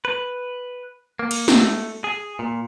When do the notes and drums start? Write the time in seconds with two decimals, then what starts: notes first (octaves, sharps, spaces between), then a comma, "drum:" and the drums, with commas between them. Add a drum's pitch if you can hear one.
0.05 B4
1.19 A#3
1.31 drum: cymbal
1.48 A3, drum: snare
2.04 G#4
2.39 A#2